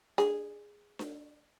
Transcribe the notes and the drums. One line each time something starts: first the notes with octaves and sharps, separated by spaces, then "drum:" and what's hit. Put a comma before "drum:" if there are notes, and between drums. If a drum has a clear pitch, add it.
G#4, drum: snare D4
drum: snare D4